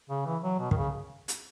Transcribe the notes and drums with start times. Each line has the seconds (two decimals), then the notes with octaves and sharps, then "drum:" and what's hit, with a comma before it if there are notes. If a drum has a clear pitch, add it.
0.10 C#3
0.26 E3
0.43 F#3
0.59 B2
0.71 D#3, drum: kick
0.77 C#3
1.28 drum: hi-hat